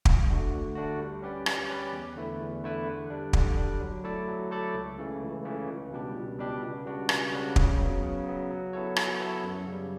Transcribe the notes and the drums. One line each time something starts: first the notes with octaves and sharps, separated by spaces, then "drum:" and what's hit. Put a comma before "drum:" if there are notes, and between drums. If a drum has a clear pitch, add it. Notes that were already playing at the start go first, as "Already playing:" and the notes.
D2, drum: kick
D3 A3 D4 F#4
D2
D3 A3 D4 F#4
G3
C#4 G4 B4 D5
G3, drum: rim click
C#4 G4 B4 D5
E2
D3 A3 E4 B4
E2
D3 A3 E4 B4
D3
G3 D4
D3, drum: kick
G3 D4
F#3
A3 E4 A4 D5
F#3
A3 E4 A4 D5
C#2
C#3 E3 A3
C#2
C#3 E3 A3
C#2
B2 G3 D4 G4
C#2
B2 G3 D4 G4
C#2
C#3 G3 D4 F#4
C#2, drum: rim click
C#3 G3 D4 F#4
C#3, drum: kick
F#3 B3
C#3
F#3 B3
F#3
B3 E4 A4 C#5
F#3, drum: rim click
B3 E4 A4 C#5
F#2
C#3 G3